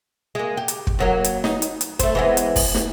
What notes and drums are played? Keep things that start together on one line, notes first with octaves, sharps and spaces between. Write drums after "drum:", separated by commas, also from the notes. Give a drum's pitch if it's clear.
G#3 A#3
G4
drum: hi-hat
drum: kick
F#2 F#3 A#3
drum: hi-hat
D#4, drum: snare
drum: hi-hat
drum: hi-hat
A3 C4, drum: kick, hi-hat
E3 G#3 B3
drum: hi-hat
drum: kick, open hi-hat
drum: snare